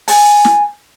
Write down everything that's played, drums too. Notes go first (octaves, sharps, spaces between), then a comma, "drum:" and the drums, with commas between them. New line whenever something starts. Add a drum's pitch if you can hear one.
G#5 A5, drum: open hi-hat
drum: snare